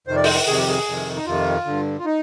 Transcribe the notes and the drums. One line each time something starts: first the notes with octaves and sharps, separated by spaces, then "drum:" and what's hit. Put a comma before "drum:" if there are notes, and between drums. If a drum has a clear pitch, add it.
F2 C3 D#3 C5
D5
C5, drum: open hi-hat
F2 C3 D#3 G#4
G4
G#4
F2 C3 D#3
D#4
F2 C3 D#3 F4
G2 D3
F4
D#4